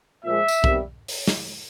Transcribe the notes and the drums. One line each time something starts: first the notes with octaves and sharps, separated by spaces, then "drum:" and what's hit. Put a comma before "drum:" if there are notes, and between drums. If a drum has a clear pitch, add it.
A#2 F3 G#3 E5
drum: tambourine
C3 D#3 G3 B3, drum: kick B1
drum: open hi-hat
drum: snare